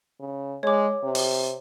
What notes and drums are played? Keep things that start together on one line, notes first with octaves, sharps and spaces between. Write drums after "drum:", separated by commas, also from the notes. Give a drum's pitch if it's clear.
C#3
G#3 C#5 D6
C3
drum: open hi-hat